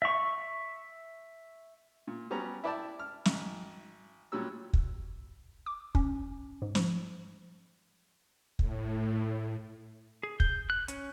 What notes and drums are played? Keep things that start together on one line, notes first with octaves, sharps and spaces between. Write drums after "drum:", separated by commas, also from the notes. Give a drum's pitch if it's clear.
E5 C#6
A#2
F#3 G3 B3 C#4 A#5
E4 B4 D5 G5 A5
F6
G#1, drum: snare
A#2 F#3 G3 E6
drum: kick
D6
C#4, drum: kick
G#2
F3, drum: snare
A2, drum: kick
G#4
G6, drum: kick
F#6
C#4, drum: hi-hat